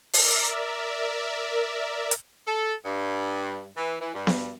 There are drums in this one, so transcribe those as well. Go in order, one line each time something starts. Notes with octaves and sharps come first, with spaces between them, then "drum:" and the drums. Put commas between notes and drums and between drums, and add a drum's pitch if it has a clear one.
A#4 D5 E5, drum: open hi-hat
drum: hi-hat
A4
G2
E3
E3
G2
drum: snare B3